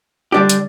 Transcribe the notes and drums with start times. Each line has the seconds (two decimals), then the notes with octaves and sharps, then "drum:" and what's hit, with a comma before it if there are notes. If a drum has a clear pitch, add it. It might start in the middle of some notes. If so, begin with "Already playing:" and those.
0.32 D3 G3 D4 G4
0.49 drum: hi-hat